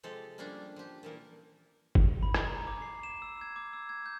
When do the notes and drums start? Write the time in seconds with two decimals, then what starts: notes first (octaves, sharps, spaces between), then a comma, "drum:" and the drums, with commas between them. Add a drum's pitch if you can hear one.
0.03 C3 F3 G#3 G4 A4
0.38 F3 G3 A#3 C#4 D4
0.76 F3 G4
1.03 A#2 E3 A#3
1.95 drum: kick
2.23 B5
2.34 drum: rim click
2.47 A#5
2.67 D6
2.82 C7
3.03 E7
3.22 E6
3.41 G#6
3.56 D6
3.73 E6
3.89 G#6
4.06 G6